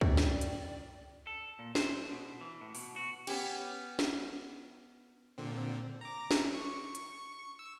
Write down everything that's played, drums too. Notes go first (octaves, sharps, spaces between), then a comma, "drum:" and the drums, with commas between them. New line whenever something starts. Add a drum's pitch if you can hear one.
D5 G5, drum: kick
drum: snare
drum: hi-hat
A4
A#2
C5, drum: snare
B2
E3
A2
B2, drum: open hi-hat
F#4
B3 C#4 G4, drum: cymbal
drum: snare
A#2 D3 C4
A#5 D6
drum: snare
C#6
drum: hi-hat
E6